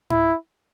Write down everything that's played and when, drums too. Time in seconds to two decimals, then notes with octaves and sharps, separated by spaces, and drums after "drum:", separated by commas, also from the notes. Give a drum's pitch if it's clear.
0.10 E4, drum: tom G#2